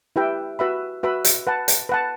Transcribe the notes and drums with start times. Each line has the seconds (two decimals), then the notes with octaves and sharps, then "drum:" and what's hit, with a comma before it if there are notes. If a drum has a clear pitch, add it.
0.16 E4 G4 B4 E5 G5
0.59 F#4 B4 E5 B5
1.03 F#4 B4 E5 B5
1.25 drum: hi-hat
1.47 B4 F#5 A5
1.68 drum: hi-hat
1.89 B4 F#5 A5